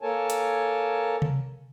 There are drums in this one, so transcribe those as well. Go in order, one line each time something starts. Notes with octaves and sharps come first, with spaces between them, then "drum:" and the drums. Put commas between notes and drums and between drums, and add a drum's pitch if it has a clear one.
A#3 A4 A#4 C#5 G#5 A5
drum: hi-hat
drum: tom C3